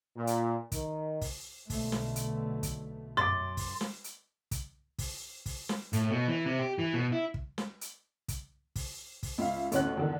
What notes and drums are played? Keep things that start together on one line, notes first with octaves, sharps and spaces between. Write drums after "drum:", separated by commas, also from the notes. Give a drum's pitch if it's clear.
A#2
drum: hi-hat
D#3, drum: kick, hi-hat
drum: kick, open hi-hat
B1 D3 A3, drum: kick, open hi-hat
drum: snare
drum: hi-hat
drum: kick, hi-hat
F#2 C6 D6 A6
drum: kick, open hi-hat
drum: snare
drum: hi-hat
drum: kick, hi-hat
drum: kick, open hi-hat
drum: kick, open hi-hat
drum: snare
A2, drum: hi-hat
B2
E3
C3
G4
E3
B2
E4
drum: kick
drum: snare
drum: hi-hat
drum: kick, hi-hat
drum: kick, open hi-hat
drum: kick, open hi-hat
C#2 E5 F5
A1 D2 C#4 F#6, drum: hi-hat
E2 D3 D#3